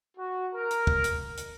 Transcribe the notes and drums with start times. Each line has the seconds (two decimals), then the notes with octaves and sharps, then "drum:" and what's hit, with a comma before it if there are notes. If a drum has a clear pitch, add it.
0.17 F#4
0.54 A#4
0.71 drum: hi-hat
0.87 drum: kick
1.04 drum: hi-hat
1.37 drum: hi-hat